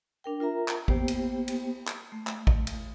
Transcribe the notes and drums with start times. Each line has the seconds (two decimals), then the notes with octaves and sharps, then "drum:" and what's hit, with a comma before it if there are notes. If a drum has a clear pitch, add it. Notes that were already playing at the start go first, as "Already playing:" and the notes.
0.24 D4 A#4 G5
0.40 F4 A#4 E5 A#5
0.68 drum: clap
0.88 A#3 B3 G4 C5 G5, drum: kick A1
1.08 drum: cymbal
1.48 drum: cymbal
1.87 drum: clap
2.12 A3
2.27 drum: clap
2.47 drum: kick A1
2.67 drum: cymbal